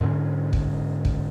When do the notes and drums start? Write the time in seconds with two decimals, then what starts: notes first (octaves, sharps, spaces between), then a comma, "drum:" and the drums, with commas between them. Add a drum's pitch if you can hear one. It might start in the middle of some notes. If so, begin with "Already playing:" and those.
0.01 G#2 D3 C4 C#4
0.53 drum: kick
1.05 drum: kick